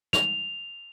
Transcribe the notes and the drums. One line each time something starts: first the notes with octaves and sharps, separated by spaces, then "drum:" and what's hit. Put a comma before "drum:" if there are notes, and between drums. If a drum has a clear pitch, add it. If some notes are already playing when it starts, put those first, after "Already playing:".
F7, drum: snare